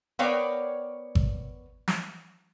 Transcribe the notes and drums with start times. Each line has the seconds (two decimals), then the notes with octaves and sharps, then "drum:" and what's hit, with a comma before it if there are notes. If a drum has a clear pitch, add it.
0.19 B3 A#4 C#5 D5 F5 G5
1.15 drum: kick G#1
1.88 drum: snare